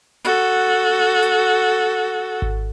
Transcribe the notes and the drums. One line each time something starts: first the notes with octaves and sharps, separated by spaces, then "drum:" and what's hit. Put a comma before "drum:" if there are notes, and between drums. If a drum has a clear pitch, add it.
F#4 A4, drum: hi-hat
drum: hi-hat
drum: kick G#1